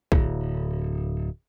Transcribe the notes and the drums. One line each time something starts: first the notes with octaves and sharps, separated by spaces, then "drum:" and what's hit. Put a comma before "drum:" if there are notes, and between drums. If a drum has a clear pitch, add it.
D1, drum: kick A#1